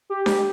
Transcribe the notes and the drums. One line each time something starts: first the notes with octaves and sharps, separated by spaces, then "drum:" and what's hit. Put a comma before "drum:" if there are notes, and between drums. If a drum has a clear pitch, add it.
G4
drum: snare D4